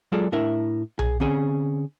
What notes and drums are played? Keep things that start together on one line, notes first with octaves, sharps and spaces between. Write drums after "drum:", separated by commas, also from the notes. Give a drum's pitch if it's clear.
F#3 G#3 F4 G#4 A4 D5
A2 D4 E4 A#4 E5
G#4, drum: tom B1
D3 C4 C#4 G#4